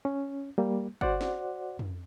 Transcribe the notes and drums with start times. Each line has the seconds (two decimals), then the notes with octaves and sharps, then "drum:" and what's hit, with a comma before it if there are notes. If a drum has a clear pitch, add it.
0.05 C#4
0.58 G3 A#3
1.01 F#4 C5 D5 F#5, drum: kick G1
1.21 drum: snare
1.79 drum: tom F2